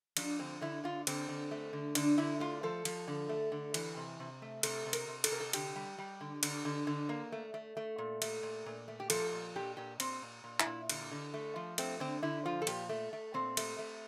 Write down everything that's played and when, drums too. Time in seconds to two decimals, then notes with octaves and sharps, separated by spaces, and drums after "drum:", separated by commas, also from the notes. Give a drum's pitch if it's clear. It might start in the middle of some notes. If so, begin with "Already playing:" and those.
0.17 F3 D4, drum: cymbal
0.39 D3 C4
0.61 D3 E4
0.84 D3 F4
1.07 D3 C4, drum: cymbal
1.29 D3
1.51 A3
1.73 D3
1.95 D3 D4, drum: cymbal
2.18 D3 E4
2.40 A3 F4
2.63 F3 A4
2.85 F3, drum: cymbal
3.08 D3
3.29 A3
3.52 D3
3.74 E3, drum: cymbal
3.97 C3
4.20 C3
4.42 A3
4.63 C3 A4, drum: cymbal
4.86 C3
4.93 A#4, drum: cymbal
5.08 C3
5.24 A4, drum: cymbal
5.31 C3 A#4
5.40 A4
5.53 D3 G4, drum: cymbal
5.76 G3
5.98 G3
6.21 D3
6.43 D3, drum: cymbal
6.65 D3
6.87 D3
7.09 A#3
7.32 A3
7.54 A3
7.77 A3
7.98 A#2
8.22 A3, drum: cymbal
8.43 A#2
8.66 A#2
8.88 A3
9.00 G4
9.10 F3 A4, drum: cymbal
9.32 A#2
9.56 A#2 G4
9.77 A#2 G4
10.00 A#2 C4, drum: cymbal
10.22 A#2
10.44 A#2
10.60 E4, drum: clap
10.66 A#2
10.89 D3, drum: cymbal
11.12 D3
11.34 A3
11.56 F3
11.78 A3 C4, drum: cymbal
12.00 D3 C4
12.23 D3 E4
12.46 F3 F4
12.62 A4
12.67 A#2 G4, drum: cymbal
12.89 A3
13.13 A3
13.34 A#2 C4
13.57 A3, drum: cymbal
13.79 A3